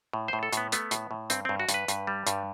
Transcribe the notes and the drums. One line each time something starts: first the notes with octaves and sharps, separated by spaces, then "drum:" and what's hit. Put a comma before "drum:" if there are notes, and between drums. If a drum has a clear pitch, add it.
A2
A2 C5
A4
A2 B3, drum: hi-hat
A3 B3, drum: hi-hat
A2, drum: hi-hat
A2
G2 C4, drum: hi-hat
G2 C4
F#4
G2, drum: hi-hat
B4
G2, drum: hi-hat
G3
G2, drum: hi-hat